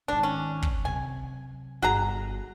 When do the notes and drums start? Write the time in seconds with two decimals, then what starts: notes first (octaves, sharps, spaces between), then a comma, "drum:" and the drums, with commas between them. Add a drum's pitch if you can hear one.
0.08 G#1 D#3 D4
0.23 C#4
0.62 drum: kick
0.85 C3 F#3 G#5
1.82 G1 F#4 G#4 A#5